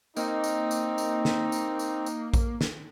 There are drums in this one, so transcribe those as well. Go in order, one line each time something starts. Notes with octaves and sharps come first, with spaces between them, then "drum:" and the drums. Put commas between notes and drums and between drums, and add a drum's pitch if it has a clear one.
A#3 C4 D#4, drum: tambourine
drum: tambourine
drum: tambourine
drum: tambourine
drum: snare
drum: tambourine
drum: tambourine
drum: tambourine
drum: kick A#1, tambourine
drum: snare